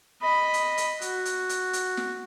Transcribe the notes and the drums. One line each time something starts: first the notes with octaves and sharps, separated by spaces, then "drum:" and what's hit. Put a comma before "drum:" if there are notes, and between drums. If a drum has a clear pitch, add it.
D#5 B5
drum: hi-hat
drum: hi-hat
F#4, drum: hi-hat
drum: hi-hat
drum: hi-hat
drum: hi-hat
drum: snare